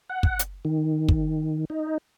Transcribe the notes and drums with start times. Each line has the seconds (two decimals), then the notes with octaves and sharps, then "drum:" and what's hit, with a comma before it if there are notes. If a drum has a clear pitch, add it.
0.09 F#5
0.23 drum: kick
0.39 drum: hi-hat
0.65 D#3
1.09 drum: kick
1.70 D#4